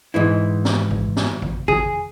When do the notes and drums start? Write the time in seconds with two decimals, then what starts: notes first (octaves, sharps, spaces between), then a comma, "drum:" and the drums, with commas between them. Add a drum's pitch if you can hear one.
0.14 G#2 E3 E4
0.65 drum: snare
0.91 drum: kick
1.16 drum: snare
1.42 drum: kick
1.68 G#4, drum: kick